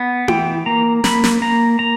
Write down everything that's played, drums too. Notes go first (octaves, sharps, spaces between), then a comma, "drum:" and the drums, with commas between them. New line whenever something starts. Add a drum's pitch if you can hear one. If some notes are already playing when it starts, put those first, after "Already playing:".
Already playing: B3
E3 G5, drum: tom E4
A#3 A#5
A#3 B5, drum: snare
drum: snare
A#3 A#5
A#3 A#5